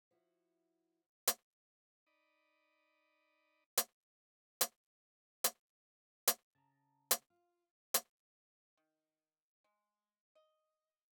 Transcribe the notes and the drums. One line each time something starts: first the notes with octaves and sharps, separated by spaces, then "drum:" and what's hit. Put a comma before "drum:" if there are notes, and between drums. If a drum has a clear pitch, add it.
F3 E4 F#4
drum: hi-hat
D#4 D5 D#5 B5
drum: hi-hat
drum: hi-hat
drum: hi-hat
drum: hi-hat
C#3 A5 A#5
drum: hi-hat
F4 F5
drum: hi-hat
D#3
G#3
D#5